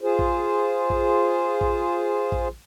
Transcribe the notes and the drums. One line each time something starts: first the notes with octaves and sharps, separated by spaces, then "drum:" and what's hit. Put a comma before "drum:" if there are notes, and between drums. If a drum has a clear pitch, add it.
F4 G#4 C5
drum: kick A#1
drum: kick A#1
drum: kick A#1
drum: kick A#1